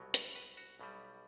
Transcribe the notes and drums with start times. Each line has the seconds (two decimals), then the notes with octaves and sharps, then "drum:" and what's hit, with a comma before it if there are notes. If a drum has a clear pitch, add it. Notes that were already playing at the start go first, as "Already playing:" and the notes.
Already playing: C2 B2 F#3
0.14 D5, drum: hi-hat
0.35 B4
0.57 F#4
0.79 B1 B2 G3